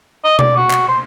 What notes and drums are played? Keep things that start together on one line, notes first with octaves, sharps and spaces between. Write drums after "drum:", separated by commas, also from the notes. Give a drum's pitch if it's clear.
D#5
D5, drum: tom B2
F#4
drum: clap
C5